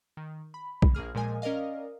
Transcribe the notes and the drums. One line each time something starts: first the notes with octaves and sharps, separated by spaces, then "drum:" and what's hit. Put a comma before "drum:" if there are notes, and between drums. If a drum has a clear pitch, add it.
D#3
B5
drum: kick
A#1 A#3 G#4 F6
A#2 F3 G#3 A#4 D#5 G#5
C#4 A#4 D5 D#5 F5